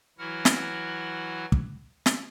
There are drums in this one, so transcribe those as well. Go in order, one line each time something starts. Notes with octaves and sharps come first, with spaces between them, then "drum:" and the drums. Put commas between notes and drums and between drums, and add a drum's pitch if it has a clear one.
E3 F#3 E4 F#4 F#5 F6
drum: snare
drum: kick
drum: snare